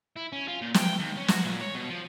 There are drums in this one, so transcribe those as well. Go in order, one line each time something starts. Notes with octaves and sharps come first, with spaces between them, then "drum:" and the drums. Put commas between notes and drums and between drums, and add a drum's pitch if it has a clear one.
E4
C#4
F4
A#2
G5, drum: snare
D#2
C#4
F#4, drum: snare
A#2
C#5
B2
F3